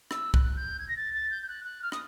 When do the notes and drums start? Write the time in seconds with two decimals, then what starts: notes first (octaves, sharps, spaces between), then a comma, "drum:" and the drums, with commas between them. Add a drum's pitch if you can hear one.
0.11 E6, drum: rim click
0.34 F#6, drum: kick C2
0.57 G6
0.79 G#6
0.88 A#6
0.97 A6
1.14 A6
1.31 G6
1.43 G6
1.48 F#6
1.65 F#6
1.82 F6
1.92 D#6, drum: rim click